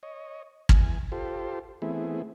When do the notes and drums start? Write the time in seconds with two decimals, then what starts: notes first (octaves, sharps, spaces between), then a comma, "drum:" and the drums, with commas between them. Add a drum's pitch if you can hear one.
0.03 C#5 D#5
0.69 E2 G#5, drum: kick
1.12 F4 G4 A4 C5
1.82 E3 A3 B3 C4 E4 G#4